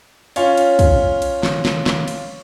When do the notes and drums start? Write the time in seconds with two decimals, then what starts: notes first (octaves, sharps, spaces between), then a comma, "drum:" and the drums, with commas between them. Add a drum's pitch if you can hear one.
0.36 C#4 F4 C#5, drum: cymbal
0.57 drum: cymbal
0.79 drum: kick, cymbal
1.22 drum: cymbal
1.43 drum: snare
1.65 drum: snare
1.86 drum: snare
2.08 drum: cymbal